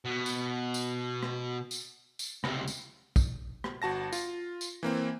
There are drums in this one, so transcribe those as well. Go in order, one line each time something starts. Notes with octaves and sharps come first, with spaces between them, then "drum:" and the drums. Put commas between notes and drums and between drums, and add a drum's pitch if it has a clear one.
B2
drum: tambourine
drum: tambourine
drum: rim click
drum: tambourine
drum: tambourine
C#2 C3, drum: rim click
drum: tambourine
drum: kick, tambourine
drum: rim click
G1 F#4 A5 A#6
F4, drum: tambourine
drum: tambourine
E3 A#3 C4